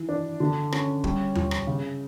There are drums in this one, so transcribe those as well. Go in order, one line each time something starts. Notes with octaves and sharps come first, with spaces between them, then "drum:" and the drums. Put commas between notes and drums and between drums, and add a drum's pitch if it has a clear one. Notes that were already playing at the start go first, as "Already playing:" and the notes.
Already playing: E3
D4
D3
C#4, drum: rim click
G3, drum: kick
F4, drum: tom D#2
drum: rim click
C#3